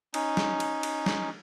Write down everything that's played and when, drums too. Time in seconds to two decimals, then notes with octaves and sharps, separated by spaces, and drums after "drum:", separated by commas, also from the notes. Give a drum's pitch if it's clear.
0.14 C#4 D#4, drum: cymbal
0.37 drum: snare
0.60 drum: cymbal
0.83 drum: cymbal
1.06 drum: snare